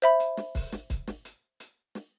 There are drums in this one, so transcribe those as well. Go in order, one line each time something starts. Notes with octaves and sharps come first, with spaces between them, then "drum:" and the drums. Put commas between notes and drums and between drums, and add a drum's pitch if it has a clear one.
C5 E5 B5
drum: hi-hat
drum: snare
drum: kick, open hi-hat
drum: snare
drum: kick, hi-hat
drum: snare
drum: hi-hat
drum: hi-hat
drum: snare